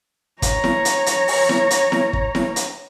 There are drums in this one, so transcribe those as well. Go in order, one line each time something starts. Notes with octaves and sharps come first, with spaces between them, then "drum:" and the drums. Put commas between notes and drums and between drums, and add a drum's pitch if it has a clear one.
C#5 A#5, drum: kick, hi-hat
drum: snare E4
drum: hi-hat
drum: hi-hat
drum: open hi-hat
drum: snare E4
drum: hi-hat
drum: snare E4
drum: kick
drum: snare E4
drum: hi-hat